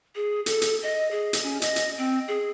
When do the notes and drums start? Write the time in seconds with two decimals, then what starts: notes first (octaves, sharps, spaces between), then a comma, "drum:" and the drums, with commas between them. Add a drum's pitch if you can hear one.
0.16 G#4
0.46 A4, drum: hi-hat
0.62 drum: hi-hat
0.83 D#5
1.11 G#4
1.33 drum: hi-hat
1.43 C#4
1.62 D#5, drum: hi-hat
1.76 drum: hi-hat
1.98 C4
2.28 G#4